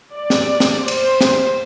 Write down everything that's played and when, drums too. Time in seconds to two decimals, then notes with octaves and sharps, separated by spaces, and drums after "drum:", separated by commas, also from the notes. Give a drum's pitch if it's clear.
0.15 D5
0.30 drum: snare
0.60 drum: snare
0.88 C5, drum: cymbal
1.21 drum: snare